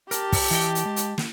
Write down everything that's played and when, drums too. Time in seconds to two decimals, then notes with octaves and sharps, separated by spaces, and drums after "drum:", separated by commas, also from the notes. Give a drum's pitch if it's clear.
0.11 G4 A#4 A5, drum: hi-hat
0.32 drum: kick, open hi-hat
0.51 E3 D#5 G5, drum: hi-hat
0.75 drum: hi-hat
0.85 G#3
0.96 drum: hi-hat
1.18 drum: snare